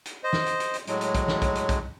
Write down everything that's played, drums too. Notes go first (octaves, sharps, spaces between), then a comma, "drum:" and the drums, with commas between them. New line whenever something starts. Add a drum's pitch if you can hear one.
drum: hi-hat
C5 D#5
drum: snare
drum: hi-hat
drum: hi-hat
drum: hi-hat
A2 F#3 G#3, drum: hi-hat
drum: hi-hat
drum: kick B1, hi-hat
drum: snare
drum: kick B1, hi-hat
drum: hi-hat
drum: kick B1, hi-hat